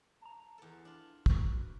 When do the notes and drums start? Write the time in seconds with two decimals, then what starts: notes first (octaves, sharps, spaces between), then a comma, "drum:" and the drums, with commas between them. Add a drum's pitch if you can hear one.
0.21 A5 A#5
0.58 E2 A4
0.85 D4 F4
1.26 F#4 A#4 B4, drum: kick